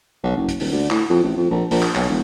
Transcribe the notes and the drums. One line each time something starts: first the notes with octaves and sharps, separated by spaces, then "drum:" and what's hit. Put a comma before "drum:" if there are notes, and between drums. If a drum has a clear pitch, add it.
B1
F#1
drum: kick, hi-hat
D#1, drum: open hi-hat
D2
A2, drum: clap
F2
A1
F2
A#1
A#1, drum: open hi-hat
drum: clap
B1, drum: clap
E1